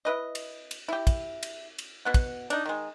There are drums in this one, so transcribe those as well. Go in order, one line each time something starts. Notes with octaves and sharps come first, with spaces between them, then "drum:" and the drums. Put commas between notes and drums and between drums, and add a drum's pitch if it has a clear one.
E4 B4 D#5
drum: cymbal
drum: cymbal
E4 G4
drum: kick, cymbal
drum: cymbal
drum: cymbal
B2 B3 F#5
drum: kick, cymbal
D4 D#4, drum: cymbal
D#3 G#3